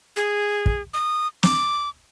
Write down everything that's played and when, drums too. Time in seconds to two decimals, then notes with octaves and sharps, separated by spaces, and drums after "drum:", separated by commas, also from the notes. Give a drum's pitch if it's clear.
0.16 G#4
0.66 drum: kick
0.94 D#6
1.43 D6, drum: snare